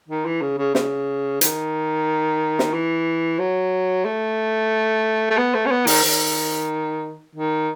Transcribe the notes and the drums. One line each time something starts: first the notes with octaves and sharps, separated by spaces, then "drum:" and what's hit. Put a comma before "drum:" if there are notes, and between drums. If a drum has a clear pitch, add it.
D#3
E3
C#3
C#3
C#3, drum: snare
D#3, drum: hi-hat
drum: snare
E3
F#3
A3
A3
B3
A3
C#4
B3
D#3, drum: open hi-hat
D#3
D#3